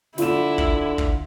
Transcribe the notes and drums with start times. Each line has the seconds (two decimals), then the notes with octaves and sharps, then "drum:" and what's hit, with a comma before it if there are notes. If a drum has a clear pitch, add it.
0.18 D3 E4 F4 E7, drum: snare
0.58 drum: kick
0.98 drum: kick